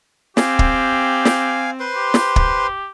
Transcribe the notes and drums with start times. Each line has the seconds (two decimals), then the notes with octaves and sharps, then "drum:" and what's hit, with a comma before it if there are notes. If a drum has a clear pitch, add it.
0.37 C4 G4 F5 G#5, drum: snare
0.59 drum: kick
1.25 drum: snare
1.80 B4 C5 C6
1.96 G4
2.14 drum: snare
2.36 drum: kick